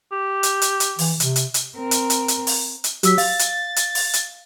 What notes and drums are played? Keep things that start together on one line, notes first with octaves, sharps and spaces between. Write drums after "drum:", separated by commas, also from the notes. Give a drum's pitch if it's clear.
G4
drum: hi-hat
drum: hi-hat
drum: hi-hat
E3, drum: open hi-hat
C3, drum: hi-hat
drum: hi-hat
drum: hi-hat
C4 A#4
drum: hi-hat
drum: hi-hat
drum: hi-hat
drum: open hi-hat
drum: hi-hat
F#3 G4 E6 B6, drum: hi-hat
F5 A6, drum: open hi-hat
drum: hi-hat
drum: hi-hat
drum: open hi-hat
drum: hi-hat